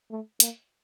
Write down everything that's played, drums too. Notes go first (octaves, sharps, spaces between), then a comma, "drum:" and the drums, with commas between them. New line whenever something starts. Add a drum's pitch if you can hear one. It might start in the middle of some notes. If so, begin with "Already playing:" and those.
A3
A#3, drum: hi-hat